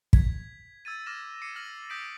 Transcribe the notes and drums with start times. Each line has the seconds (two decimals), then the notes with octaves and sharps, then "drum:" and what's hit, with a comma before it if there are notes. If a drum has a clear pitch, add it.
0.13 G#6 B6, drum: kick
0.85 E6 G#6 A6 D#7
1.06 D6 F6 A#6 E7
1.42 D6 C7 C#7 D#7
1.56 F6 A#6 F#7
1.89 D#6 G6 A#6 B6 D7 F#7